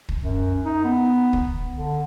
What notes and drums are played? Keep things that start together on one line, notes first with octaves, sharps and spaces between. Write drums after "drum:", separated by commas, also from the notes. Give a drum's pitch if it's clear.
drum: kick
F#2
D#4
B3
drum: kick
D3